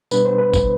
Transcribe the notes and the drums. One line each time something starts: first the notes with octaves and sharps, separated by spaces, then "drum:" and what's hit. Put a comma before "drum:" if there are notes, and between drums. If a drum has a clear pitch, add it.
B2 G3 B3 D4 B4, drum: tambourine
C5
B4
drum: kick, tambourine